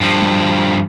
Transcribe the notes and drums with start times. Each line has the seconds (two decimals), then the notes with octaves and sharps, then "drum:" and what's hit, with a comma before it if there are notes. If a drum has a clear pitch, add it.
0.01 G2 F3
0.22 drum: tom F#3